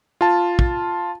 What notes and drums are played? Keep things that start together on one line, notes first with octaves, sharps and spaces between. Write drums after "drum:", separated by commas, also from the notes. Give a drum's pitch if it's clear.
F4 A5
drum: kick